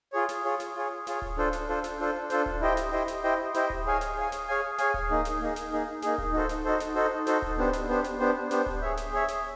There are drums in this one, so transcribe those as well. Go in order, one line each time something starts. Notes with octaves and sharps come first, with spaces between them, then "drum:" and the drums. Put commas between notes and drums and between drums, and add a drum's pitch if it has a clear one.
F4 G#4 C#5
drum: snare
F4 G#4 C#5
drum: snare
F4 G#4 C#5
F4 G#4 C#5, drum: snare
drum: kick D1
D4 F4 A4 C5
drum: snare
D4 F4 A4 C5
drum: snare
D4 F4 A4 C5
D4 F4 A4 C5, drum: snare
drum: kick D1
E4 G4 C5 D#5 G5
drum: snare
E4 G4 C5 D#5 G5
drum: snare
E4 G4 C5 D#5 G5
E4 G4 C5 D#5 G5, drum: snare
drum: kick D1
G#4 C#5 F5 G#5
drum: snare
G#4 C#5 F5 G#5
drum: snare
G#4 C#5 F5 G#5
G#4 C#5 F5 G#5, drum: snare
drum: kick D1
A#3 D#4 G#4
drum: snare
A#3 D#4 G#4
drum: snare
A#3 D#4 G#4
A#3 D#4 G#4, drum: snare
drum: kick D1
D#4 F#4 A4 C5
drum: snare
D#4 F#4 A4 C5
drum: snare
D#4 F#4 A4 C5
D#4 F#4 A4 C5, drum: snare
drum: kick D1
B3 D4 G4 C5
drum: snare
B3 D4 G4 C5
drum: snare
B3 D4 G4 C5
B3 D4 G4 C5, drum: snare
drum: kick D1
G#4 C#5 E5
drum: snare
G#4 C#5 E5
drum: snare